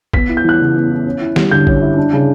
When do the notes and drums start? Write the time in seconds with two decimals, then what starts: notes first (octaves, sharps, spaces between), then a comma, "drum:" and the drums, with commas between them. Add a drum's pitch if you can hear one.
0.14 B3 B6, drum: kick
0.29 E4
0.37 G6
0.44 E3 F#6
0.60 C#3
0.75 B3
0.91 E4
1.06 C#4
1.21 E4
1.36 G3, drum: snare
1.51 D3 G6
1.67 C#4, drum: kick
1.82 E4
1.97 D4
2.13 C#3